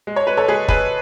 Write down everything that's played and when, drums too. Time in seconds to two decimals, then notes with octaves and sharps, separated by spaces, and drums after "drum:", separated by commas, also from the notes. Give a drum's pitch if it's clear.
0.07 G#3
0.16 C#5
0.27 G#3 B4
0.37 A4 C#5
0.48 G#3 G#4 B4
0.68 G#3 G#4 B4, drum: kick